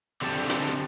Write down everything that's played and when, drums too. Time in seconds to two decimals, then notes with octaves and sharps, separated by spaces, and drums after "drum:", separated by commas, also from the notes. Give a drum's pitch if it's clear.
0.21 D3 C4 G4 A4 A5
0.50 drum: hi-hat